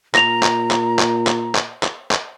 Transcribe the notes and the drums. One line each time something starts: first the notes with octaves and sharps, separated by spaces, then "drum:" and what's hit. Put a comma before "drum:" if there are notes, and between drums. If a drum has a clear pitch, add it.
A#2 A#5 A#6 F7, drum: clap
drum: clap
drum: clap
drum: clap
drum: clap
drum: clap
drum: clap
drum: clap